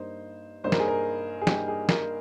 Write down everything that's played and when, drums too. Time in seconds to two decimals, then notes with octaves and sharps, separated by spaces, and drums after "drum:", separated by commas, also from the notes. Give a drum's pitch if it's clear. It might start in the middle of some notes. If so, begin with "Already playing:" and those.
Already playing: G2 G3 A#3 D#4 C5
0.64 G2 G3 A#3 D#4 C5
0.72 A#4, drum: snare
0.80 G#4
0.88 A#4
1.41 G#4
1.47 G2 G3 A#3 D#4 G4, drum: snare
1.68 G#4
1.89 A#4, drum: snare